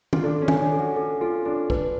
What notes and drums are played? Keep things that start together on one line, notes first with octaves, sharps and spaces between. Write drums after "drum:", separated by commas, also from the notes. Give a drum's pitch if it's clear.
F4, drum: tom
D4 A4
C#4
G#5, drum: tom
D4
A4
F#4
A4
F4 A4
D4 A4
D4 B4, drum: kick